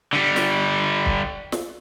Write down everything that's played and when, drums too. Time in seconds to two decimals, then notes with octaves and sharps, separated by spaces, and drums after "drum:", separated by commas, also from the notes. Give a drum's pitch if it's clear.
0.13 D3 G3
0.36 drum: snare
1.06 drum: kick
1.52 drum: snare